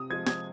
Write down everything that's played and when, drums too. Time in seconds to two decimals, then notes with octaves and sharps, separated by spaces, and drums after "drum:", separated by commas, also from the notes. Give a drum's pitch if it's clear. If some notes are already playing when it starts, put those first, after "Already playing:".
Already playing: C3 D#6
0.10 F3 G#3 G#6
0.27 G#6, drum: snare